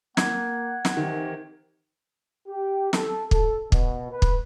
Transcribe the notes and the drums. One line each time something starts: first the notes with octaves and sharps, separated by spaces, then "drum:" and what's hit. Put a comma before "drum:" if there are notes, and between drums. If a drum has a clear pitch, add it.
A#3 F#5 G#6, drum: snare
drum: snare
C3 D#3 E3
G4
A4, drum: snare
A4, drum: kick
B2, drum: kick
B4
drum: kick